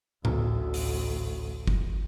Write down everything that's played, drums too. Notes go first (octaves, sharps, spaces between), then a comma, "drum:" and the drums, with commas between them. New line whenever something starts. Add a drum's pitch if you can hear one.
A1 D2, drum: tom A2
drum: open hi-hat
drum: kick G1